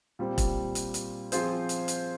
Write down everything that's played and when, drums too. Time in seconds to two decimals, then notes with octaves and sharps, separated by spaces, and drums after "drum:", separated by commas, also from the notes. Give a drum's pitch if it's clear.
0.19 A#2 G3 C4 G4
0.38 drum: kick E1, hi-hat
0.75 drum: hi-hat
0.94 drum: hi-hat
1.32 F3 C4 F4 G#4 C5, drum: hi-hat
1.69 drum: hi-hat
1.88 drum: hi-hat